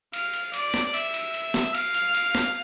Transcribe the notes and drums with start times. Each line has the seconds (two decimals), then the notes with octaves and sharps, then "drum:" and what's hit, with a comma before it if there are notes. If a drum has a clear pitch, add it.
0.13 F5, drum: cymbal
0.34 drum: cymbal
0.54 D5, drum: cymbal
0.74 drum: snare
0.94 E5, drum: cymbal
1.14 drum: cymbal
1.34 drum: cymbal
1.54 drum: snare
1.74 F5, drum: cymbal
1.94 drum: cymbal
2.14 drum: cymbal
2.35 drum: snare